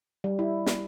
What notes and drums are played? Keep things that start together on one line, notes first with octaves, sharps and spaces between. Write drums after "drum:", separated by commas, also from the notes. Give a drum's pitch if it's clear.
G3
E4
drum: snare